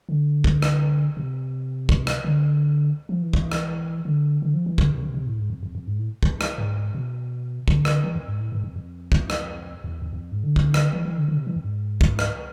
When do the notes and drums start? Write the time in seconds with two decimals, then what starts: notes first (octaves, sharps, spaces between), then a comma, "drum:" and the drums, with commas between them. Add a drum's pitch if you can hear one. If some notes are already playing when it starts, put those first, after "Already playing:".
0.09 D3
0.44 drum: kick
0.62 drum: rim click
1.17 C3
1.89 drum: kick
2.07 drum: rim click
2.24 D3
3.09 F3
3.22 E3
3.33 drum: kick
3.52 drum: rim click
4.05 D3
4.42 D3
4.54 F3
4.66 E3
4.78 D3, drum: kick
4.90 C3
5.02 C3
5.14 C3
5.26 A2
5.39 G#2
5.50 F2
5.63 F2
5.75 F2
5.87 G#2
5.98 A2
6.23 drum: kick
6.41 drum: rim click
6.58 G#2
6.95 B2
7.68 D3, drum: kick
7.85 drum: rim click
8.04 E3
8.16 F2
8.28 G#2
8.39 A2
8.52 G#2
8.64 F2
8.76 F2
9.12 drum: kick
9.30 drum: rim click
9.84 E2
10.02 E2
10.13 E2
10.20 F2
10.32 G#2
10.44 D3
10.56 drum: kick
10.74 drum: rim click
10.93 E3
11.05 E3
11.17 D3
11.28 D3
11.37 C3
11.47 E3
11.56 F2
11.64 G#2
12.01 drum: kick
12.19 drum: rim click